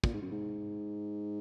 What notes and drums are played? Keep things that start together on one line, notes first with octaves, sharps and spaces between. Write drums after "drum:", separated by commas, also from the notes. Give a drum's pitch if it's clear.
A#2, drum: kick
G#2
F#2
G#2